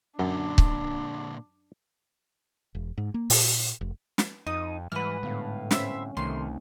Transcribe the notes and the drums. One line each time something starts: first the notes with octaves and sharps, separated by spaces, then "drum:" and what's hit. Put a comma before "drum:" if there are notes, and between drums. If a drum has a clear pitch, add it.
F#2 A#2 D3 D4
drum: kick C#1
E1
G#2
A#3
A#2, drum: open hi-hat
F1
drum: snare
F2 D#4 D#6
G#2 E3 G3 B4 F#5 F6
A2 D3 B3 F5
C4 C#4 C5 E5 B5, drum: snare
C2 C3 D#3 A3 C4 D#4 C6